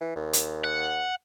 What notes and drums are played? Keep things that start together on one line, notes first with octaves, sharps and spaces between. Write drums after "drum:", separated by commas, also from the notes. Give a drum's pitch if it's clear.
E3
D#2
drum: hi-hat
F#5